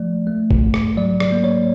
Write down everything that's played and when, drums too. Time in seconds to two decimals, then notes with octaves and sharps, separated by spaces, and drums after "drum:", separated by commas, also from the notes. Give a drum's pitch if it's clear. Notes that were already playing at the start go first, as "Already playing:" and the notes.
Already playing: F3 A3 D5
0.27 A3
0.51 drum: kick A1
0.62 G#2
0.74 drum: rim click
0.97 F#3 D5
1.20 D5, drum: rim click
1.32 A#3
1.44 C#5